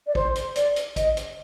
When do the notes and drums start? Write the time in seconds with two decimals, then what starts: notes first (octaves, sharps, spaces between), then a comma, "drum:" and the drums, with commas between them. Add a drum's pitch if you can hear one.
0.07 D5
0.15 C5, drum: kick A1
0.35 drum: hi-hat
0.55 D5, drum: hi-hat
0.76 drum: hi-hat
0.96 D#5, drum: kick A1, hi-hat
1.17 drum: hi-hat